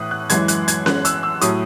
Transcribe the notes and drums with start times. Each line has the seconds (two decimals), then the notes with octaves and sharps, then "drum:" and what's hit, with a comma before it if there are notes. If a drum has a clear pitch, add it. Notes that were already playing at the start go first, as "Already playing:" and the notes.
Already playing: A2 E3 D#6 F#6
0.11 F#6
0.30 F#2 E3 G#3 G#6, drum: hi-hat
0.48 F#6, drum: hi-hat
0.68 G#6, drum: hi-hat
0.86 F#6, drum: snare C#4
1.05 E6, drum: hi-hat
1.23 E6
1.41 A2 F#3 D#6, drum: hi-hat